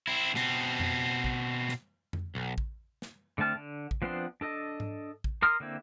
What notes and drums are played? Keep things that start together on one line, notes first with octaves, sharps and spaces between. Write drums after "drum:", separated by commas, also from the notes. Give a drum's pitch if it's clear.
C4 E4
B2 C4, drum: snare
drum: tom F2
drum: kick A1
drum: snare
drum: tom F2
B1
drum: kick A1
drum: snare
D3 A3 C4 A5 F6
D3
drum: kick A1
F3 B3 C4 D4 C6
D4 A4 D#5
drum: tom G#2
drum: kick A1
A#4 C6 D#6 F6
D3 A#3 C4 E4